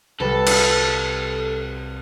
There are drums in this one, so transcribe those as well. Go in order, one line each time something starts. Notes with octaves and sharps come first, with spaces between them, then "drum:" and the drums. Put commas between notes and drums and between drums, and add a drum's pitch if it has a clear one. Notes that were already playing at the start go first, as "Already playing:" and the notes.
C2 A4 B4
drum: cymbal